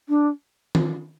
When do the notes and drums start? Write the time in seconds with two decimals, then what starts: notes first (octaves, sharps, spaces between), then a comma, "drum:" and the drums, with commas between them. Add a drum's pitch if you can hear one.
0.09 D4
0.75 drum: tom D#3